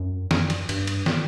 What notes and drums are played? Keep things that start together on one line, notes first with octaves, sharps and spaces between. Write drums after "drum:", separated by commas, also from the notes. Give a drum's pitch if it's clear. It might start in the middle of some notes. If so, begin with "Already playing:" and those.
Already playing: F#2
F#2, drum: snare
drum: cymbal
G2, drum: cymbal
drum: cymbal
drum: snare